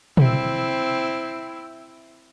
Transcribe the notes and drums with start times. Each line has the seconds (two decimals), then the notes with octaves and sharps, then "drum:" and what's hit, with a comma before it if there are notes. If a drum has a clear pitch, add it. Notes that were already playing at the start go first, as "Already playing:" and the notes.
0.17 C4 E4, drum: tom